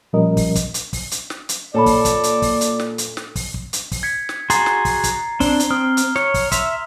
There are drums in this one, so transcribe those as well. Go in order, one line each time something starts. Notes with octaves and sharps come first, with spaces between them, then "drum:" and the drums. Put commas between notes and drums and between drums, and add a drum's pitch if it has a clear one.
A#2 F3 G3 C#4 A#4 D#5
drum: kick, open hi-hat
drum: kick, hi-hat
drum: hi-hat
drum: kick, open hi-hat
drum: hi-hat
drum: snare
drum: hi-hat
A#2 A4 C#5 D5 A5 B5
drum: kick, open hi-hat
drum: kick, hi-hat
drum: hi-hat
drum: kick, open hi-hat
drum: hi-hat
drum: snare
drum: hi-hat
drum: snare
drum: kick, open hi-hat
drum: kick
drum: hi-hat
drum: kick, open hi-hat
G#6 B6 C#7
drum: snare
F#4 G#4 A#5 C6 A6 C7, drum: hi-hat
drum: snare
drum: kick, open hi-hat
drum: kick, hi-hat
C4 D4 G7, drum: kick, open hi-hat
drum: hi-hat
C4 D#6 F6
drum: hi-hat
C#5, drum: snare
drum: kick, open hi-hat
E5 C6 B6 F7, drum: kick, hi-hat